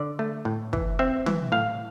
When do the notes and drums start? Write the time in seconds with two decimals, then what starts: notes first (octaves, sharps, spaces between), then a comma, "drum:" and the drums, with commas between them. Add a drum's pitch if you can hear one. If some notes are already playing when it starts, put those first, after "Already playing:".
Already playing: D3 D5
0.19 A3
0.45 A2
0.73 E3, drum: kick
0.99 C4 E5
1.26 E3, drum: tom
1.52 A2 F5